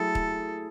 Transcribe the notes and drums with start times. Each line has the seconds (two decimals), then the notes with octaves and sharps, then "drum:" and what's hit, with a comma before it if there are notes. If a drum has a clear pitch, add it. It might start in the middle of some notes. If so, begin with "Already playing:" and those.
Already playing: F#3 A3 E4 G#4 A4
0.15 drum: kick